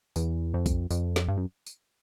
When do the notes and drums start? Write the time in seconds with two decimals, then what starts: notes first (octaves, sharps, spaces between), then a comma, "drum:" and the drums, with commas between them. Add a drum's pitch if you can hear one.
0.16 E2, drum: tambourine
0.54 F2
0.66 drum: kick A#1, tambourine
0.91 F2, drum: tambourine
1.16 drum: snare
1.28 G2
1.37 F#2
1.66 drum: tambourine